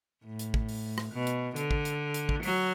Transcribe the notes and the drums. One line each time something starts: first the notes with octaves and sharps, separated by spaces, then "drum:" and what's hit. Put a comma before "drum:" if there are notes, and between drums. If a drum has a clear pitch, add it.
A2
drum: hi-hat
drum: kick
drum: open hi-hat
drum: rim click
B2
drum: hi-hat
D3, drum: hi-hat
drum: kick
drum: hi-hat
drum: hi-hat
drum: kick
F#3, drum: open hi-hat